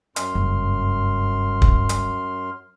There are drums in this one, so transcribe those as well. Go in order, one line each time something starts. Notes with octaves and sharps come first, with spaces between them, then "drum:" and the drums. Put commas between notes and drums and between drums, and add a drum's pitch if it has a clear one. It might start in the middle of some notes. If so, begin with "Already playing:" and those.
F#2 C6 F6, drum: hi-hat
F#1 G2
drum: kick
drum: hi-hat